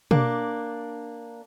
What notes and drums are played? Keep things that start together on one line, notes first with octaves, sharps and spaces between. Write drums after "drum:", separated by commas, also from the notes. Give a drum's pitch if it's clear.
A#3 D4, drum: tom B2